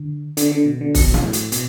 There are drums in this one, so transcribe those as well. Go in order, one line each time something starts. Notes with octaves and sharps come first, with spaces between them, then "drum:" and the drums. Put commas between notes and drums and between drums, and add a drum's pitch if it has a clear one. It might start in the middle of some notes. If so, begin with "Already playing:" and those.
Already playing: D3
D3, drum: hi-hat
D3
B2
D3
B2, drum: kick, open hi-hat
drum: snare
A2
drum: hi-hat
B2, drum: hi-hat